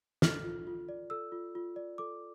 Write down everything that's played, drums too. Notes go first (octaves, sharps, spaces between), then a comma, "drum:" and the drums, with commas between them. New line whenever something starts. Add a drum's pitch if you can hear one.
A4 F6, drum: snare
F4
F4
D5
A4 E6
F4
F4
D5
A4 D6